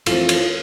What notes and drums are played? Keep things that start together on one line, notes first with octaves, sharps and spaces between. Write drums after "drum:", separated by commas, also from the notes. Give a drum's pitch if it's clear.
F2 E3 A3 C4 F4 A4, drum: cymbal
drum: cymbal